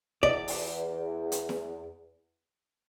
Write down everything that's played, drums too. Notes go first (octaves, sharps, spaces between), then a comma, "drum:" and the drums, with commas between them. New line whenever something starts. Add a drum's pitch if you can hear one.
E2 D5, drum: kick
drum: open hi-hat
drum: hi-hat
drum: snare E4